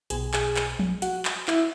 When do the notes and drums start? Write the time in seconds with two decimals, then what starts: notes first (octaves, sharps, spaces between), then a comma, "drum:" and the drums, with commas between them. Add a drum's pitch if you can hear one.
0.10 B1 B2 G#4 G#5, drum: hi-hat
0.34 G#4 G#5, drum: clap
0.56 drum: clap
0.79 drum: tom F3
1.02 F#4 F#5, drum: hi-hat
1.25 drum: clap
1.48 E4 E5, drum: clap